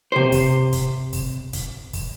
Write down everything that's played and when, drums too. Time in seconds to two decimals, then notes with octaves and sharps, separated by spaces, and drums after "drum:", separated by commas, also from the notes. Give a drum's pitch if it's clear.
0.12 C3 C5
0.32 drum: kick, open hi-hat
0.73 drum: kick, hi-hat
1.13 drum: kick, open hi-hat
1.53 drum: kick, hi-hat
1.93 drum: kick, open hi-hat